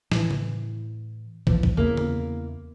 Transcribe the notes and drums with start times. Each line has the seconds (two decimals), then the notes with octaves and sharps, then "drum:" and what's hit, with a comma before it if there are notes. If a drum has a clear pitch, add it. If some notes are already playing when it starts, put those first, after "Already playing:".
0.12 A2 E3, drum: snare
0.31 drum: tom C#3
1.47 D#2 E3 F3, drum: kick
1.63 drum: kick
1.77 E2 C#3 A#3 E4
1.97 drum: tom C#3